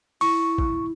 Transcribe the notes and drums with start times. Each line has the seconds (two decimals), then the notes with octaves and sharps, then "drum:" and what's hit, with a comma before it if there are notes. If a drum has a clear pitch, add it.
0.21 E4 C#6, drum: open hi-hat
0.58 drum: kick